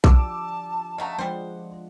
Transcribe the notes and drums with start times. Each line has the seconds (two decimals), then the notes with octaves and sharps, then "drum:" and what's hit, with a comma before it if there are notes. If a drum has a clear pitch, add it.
0.04 F3 D4 G4 A5 D6 E6, drum: kick B1
0.98 C#3 A3 D#5 F#5 A#5
1.19 F3 G3 G#3 D4 C5